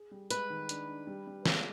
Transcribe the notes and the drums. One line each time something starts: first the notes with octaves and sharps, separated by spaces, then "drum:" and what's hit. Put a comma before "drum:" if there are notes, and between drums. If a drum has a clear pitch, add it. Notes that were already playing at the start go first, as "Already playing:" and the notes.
Already playing: G#4
G3
G#3 B4, drum: hi-hat
D#3
D4, drum: hi-hat
D4
G3
G3
G#3 F4, drum: snare